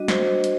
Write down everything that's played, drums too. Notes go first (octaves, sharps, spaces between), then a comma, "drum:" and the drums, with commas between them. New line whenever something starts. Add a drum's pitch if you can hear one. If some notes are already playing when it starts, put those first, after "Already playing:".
Already playing: G3 D4 F#4 D#5
C5, drum: snare
drum: hi-hat